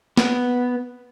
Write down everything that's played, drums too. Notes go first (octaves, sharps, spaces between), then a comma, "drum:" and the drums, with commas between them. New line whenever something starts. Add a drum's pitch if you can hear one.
B3, drum: snare A#3